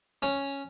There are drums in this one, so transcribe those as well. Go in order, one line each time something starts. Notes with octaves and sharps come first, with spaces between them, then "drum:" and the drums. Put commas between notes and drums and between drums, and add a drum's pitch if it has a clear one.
C#4, drum: hi-hat